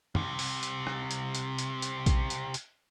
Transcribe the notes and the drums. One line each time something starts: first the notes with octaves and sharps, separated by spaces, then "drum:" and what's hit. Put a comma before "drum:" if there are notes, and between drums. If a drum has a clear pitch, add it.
C2 C3, drum: tom
drum: open hi-hat
drum: hi-hat
drum: rim click
drum: hi-hat
drum: hi-hat
drum: hi-hat
drum: hi-hat
drum: kick A#1, hi-hat
drum: hi-hat
drum: hi-hat